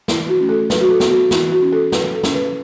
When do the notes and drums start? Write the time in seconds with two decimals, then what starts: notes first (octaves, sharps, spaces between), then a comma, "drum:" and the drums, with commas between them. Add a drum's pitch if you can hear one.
0.08 E3 E4, drum: snare
0.29 F#4
0.40 A3 C#4
0.49 A4
0.70 F#3 B4, drum: snare
0.81 F#4
0.90 A4
1.00 B3, drum: snare
1.11 F#4
1.31 E3 E4, drum: snare
1.52 F#4
1.62 C#4
1.72 A4
1.92 F#3 B4, drum: snare
2.14 A4
2.23 C#4, drum: snare
2.34 B4